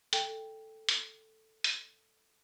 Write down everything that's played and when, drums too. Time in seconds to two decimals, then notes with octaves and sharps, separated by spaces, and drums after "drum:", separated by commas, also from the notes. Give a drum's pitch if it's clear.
0.13 A4 G5, drum: hi-hat
0.89 drum: hi-hat
1.64 drum: hi-hat